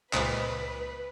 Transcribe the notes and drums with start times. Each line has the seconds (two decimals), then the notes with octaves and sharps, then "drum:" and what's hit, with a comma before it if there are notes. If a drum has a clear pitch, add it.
0.13 C#2 A#2 F4 B4 C5 D#5 B6, drum: clap